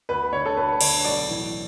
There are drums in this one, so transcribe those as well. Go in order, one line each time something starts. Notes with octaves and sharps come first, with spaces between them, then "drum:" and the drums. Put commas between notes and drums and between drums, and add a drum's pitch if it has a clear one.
D2 B4
D3 C#5
A4
D2 B4
D3 C#5, drum: cymbal
B1 D5
A2 E3